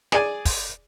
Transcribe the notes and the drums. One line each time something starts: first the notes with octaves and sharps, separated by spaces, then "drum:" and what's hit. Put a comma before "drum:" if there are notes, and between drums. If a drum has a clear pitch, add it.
G#4 D5 G#5, drum: snare
drum: kick, open hi-hat